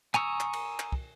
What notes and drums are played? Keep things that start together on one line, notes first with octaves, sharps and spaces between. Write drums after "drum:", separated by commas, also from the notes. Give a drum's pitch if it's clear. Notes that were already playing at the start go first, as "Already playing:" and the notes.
G#5 A#5 C#6 D#6 E6, drum: clap
drum: clap
drum: cymbal
drum: clap
drum: kick